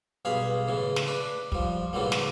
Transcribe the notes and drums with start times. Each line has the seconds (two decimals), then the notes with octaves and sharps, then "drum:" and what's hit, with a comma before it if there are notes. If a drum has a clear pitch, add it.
0.25 B1 G2 G#4 F5 B5
0.67 A2 C#3 E3
0.96 drum: snare
1.07 D4 B4
1.52 F3 G3, drum: kick
1.93 A2 C#3 E3 F#3 G3 A#3
2.12 drum: snare